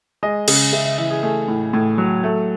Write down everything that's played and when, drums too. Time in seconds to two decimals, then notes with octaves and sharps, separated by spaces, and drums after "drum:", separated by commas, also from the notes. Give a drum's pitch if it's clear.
0.23 G#3 D#5
0.48 C#3, drum: cymbal
0.72 C#3 E5
0.85 E5
0.98 E3 E5
1.11 G#4
1.23 A3 G#4
1.48 A2
1.73 A2
1.98 F#3
2.23 A3